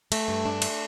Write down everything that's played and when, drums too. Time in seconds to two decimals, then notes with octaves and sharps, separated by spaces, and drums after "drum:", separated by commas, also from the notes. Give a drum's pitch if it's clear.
0.12 A3, drum: cymbal
0.28 G2
0.45 D4
0.62 A3, drum: cymbal